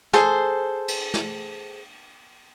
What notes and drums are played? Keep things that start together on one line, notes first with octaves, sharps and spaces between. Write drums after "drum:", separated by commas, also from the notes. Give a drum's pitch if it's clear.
G#4 A4 C5 C6, drum: snare
drum: cymbal
drum: snare